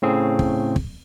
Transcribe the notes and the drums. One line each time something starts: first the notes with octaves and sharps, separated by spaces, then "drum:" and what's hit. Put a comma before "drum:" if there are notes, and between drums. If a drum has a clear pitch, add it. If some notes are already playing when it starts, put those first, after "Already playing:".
A2 C#3 C4 G#4
drum: kick
drum: kick